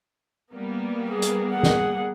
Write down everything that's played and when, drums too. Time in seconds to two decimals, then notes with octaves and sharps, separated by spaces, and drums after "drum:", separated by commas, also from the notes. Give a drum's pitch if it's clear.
0.54 G3 A#3 B3
1.09 G#4
1.22 drum: hi-hat
1.52 G#4 F#5
1.63 drum: snare